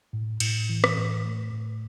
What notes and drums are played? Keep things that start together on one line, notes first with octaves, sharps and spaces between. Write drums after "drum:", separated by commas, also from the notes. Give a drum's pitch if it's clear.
A2
A2, drum: cymbal
E3
drum: rim click
A2
A3
A2